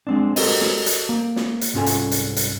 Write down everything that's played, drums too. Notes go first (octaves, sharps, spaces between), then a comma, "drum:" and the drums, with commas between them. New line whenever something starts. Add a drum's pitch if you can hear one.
G#3 C4 D4
F#4 G4 A4 A#4 C5 D#5, drum: open hi-hat
drum: snare
drum: hi-hat
A#3
drum: snare
drum: hi-hat
C2 G#2 C#4 F4 A4 G#5
drum: hi-hat
drum: hi-hat
drum: hi-hat